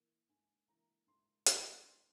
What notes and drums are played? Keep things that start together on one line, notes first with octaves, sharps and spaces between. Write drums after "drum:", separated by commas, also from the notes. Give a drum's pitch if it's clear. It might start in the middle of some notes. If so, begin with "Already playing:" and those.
Already playing: E3 A#3
G#2 G#5
E3 A#3 A#5
G#2 C6
E3 A#3, drum: hi-hat
G#2 C6